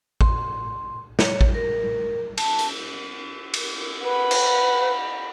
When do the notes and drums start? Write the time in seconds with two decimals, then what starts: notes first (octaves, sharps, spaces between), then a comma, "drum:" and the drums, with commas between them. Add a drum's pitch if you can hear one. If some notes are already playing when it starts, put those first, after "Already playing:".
0.21 C6, drum: kick A1
1.19 C#5, drum: snare
1.41 drum: kick A1
1.54 A#4
2.37 A5, drum: cymbal
2.59 drum: hi-hat
3.54 drum: cymbal
4.03 B4 F#5 B5
4.31 drum: cymbal